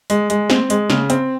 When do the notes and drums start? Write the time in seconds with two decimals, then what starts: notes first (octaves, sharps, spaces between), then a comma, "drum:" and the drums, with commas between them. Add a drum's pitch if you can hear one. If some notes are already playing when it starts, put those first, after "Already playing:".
0.10 G#3, drum: hi-hat
0.30 G#3, drum: hi-hat
0.50 C4, drum: snare
0.70 G#3, drum: hi-hat
0.90 C#3, drum: snare
1.10 C4, drum: hi-hat